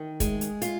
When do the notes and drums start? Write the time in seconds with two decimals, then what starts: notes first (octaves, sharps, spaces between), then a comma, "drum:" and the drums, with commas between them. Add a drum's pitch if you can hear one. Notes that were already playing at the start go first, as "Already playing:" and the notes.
Already playing: D#3
0.20 G#3, drum: kick, hi-hat
0.41 drum: hi-hat
0.62 F4, drum: hi-hat